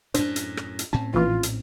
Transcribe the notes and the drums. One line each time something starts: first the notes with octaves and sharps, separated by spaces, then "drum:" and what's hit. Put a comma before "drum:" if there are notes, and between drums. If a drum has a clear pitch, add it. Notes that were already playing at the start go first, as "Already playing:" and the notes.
F#2 A2 D4 C5, drum: hi-hat
drum: hi-hat
drum: rim click
drum: hi-hat
A2 C4 C#4 A5
A#1 E3 F4
drum: hi-hat